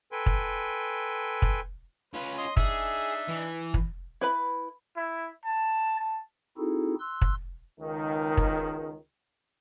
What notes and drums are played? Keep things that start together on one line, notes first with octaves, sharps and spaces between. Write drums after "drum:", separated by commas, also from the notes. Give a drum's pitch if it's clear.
A4 B4 G5 G#5 C6
drum: kick
drum: kick
C#4 F4 B4
D#5 C6
D4 D#4 G#4 E5, drum: kick
E3
drum: kick
E4 B4 B5
E4
A5
A5
C4 D#4 E4 F#4 G#4 A4
C6 E6 F#6
drum: kick
C#2 D#3
drum: kick